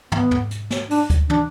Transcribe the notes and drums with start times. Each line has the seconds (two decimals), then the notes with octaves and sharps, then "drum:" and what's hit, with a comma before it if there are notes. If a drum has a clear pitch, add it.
0.12 B3, drum: tom
0.31 drum: tom
0.51 drum: hi-hat
0.70 drum: snare
0.90 D4, drum: open hi-hat
1.10 drum: kick D2, hi-hat
1.30 D4, drum: tom